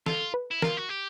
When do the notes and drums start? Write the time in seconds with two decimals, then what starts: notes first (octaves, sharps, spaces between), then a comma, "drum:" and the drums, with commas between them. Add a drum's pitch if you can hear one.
0.06 F4 A4, drum: snare
0.34 B4
0.51 E4
0.62 F4 A#4, drum: snare
0.77 F#4
0.89 G4